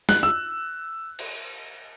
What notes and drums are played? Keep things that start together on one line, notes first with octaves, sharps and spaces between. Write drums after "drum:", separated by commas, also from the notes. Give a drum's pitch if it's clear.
F#6, drum: snare
E6
drum: cymbal